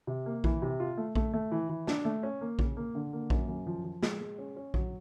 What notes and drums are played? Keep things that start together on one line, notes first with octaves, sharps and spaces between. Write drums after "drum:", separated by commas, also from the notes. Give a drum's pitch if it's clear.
C3
A#3
E3, drum: kick A#1
C3
F4
A3
A3, drum: kick A#1
A3
E3
E3
D4, drum: snare
A3
C#4
A#3
C#3, drum: kick A#1
A#3
D3
A#3
F#2, drum: kick A#1
F#2
F3
F3
G#3, drum: snare
G#3
C#4
C#4
F#3, drum: kick A#1